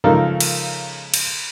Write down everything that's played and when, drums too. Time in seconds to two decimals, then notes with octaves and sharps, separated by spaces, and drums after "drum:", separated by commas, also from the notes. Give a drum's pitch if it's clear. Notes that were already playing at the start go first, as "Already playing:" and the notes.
0.04 C#3 F3 G#3 D#4 A4 A#4
0.40 drum: cymbal
1.14 drum: cymbal